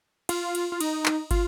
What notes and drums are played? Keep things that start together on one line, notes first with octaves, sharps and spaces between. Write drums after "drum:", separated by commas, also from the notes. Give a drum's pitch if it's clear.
F4, drum: cymbal
drum: cymbal
F4
D#4, drum: cymbal
drum: clap
F4, drum: kick, cymbal